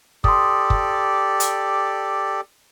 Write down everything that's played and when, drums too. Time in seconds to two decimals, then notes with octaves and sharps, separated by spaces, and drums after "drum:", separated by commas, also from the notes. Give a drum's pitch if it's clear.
0.24 G4 A4 D5 C6 D#6, drum: kick
0.70 drum: kick
1.40 drum: hi-hat